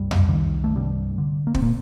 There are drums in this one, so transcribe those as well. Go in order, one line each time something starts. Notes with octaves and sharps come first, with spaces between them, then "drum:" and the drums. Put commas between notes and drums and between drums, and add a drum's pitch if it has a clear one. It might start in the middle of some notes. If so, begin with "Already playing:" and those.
Already playing: C2 G2 G3
drum: tom F2
D3
C2 D#3
A3
G2 C3 G3
D3
A#3
C4, drum: kick
A#2 A#3